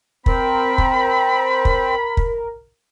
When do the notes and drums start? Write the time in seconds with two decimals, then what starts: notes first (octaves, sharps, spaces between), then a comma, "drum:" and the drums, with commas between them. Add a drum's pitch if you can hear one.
0.26 C4 A#4 B5, drum: kick
0.78 drum: kick
1.65 drum: kick
2.17 drum: kick